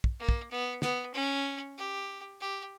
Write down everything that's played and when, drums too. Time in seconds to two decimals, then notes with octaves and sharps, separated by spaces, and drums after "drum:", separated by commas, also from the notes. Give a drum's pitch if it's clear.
0.04 drum: kick
0.19 A#3
0.29 drum: kick
0.51 B3
0.82 B3, drum: snare
1.14 C#4
1.77 G4
2.41 G4